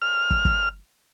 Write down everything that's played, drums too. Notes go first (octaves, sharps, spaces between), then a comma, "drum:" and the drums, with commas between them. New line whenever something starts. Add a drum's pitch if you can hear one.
F6
drum: kick
drum: kick